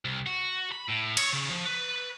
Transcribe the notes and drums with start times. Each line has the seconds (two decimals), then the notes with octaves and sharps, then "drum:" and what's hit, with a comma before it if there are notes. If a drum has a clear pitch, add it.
0.05 C2
0.26 F#4
0.71 B5
0.88 A2
1.17 C#5, drum: cymbal
1.33 C#3
1.51 F3
1.66 B4